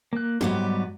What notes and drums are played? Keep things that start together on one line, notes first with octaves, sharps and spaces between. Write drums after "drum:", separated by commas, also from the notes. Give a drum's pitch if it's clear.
A#3 F#6
G#2 F#3 G3 B3 G4, drum: tom